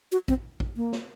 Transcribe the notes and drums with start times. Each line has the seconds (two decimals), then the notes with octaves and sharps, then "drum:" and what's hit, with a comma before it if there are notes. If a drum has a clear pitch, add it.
0.12 F#4
0.28 C4, drum: kick A1
0.60 drum: kick A1
0.76 A#3
0.92 drum: snare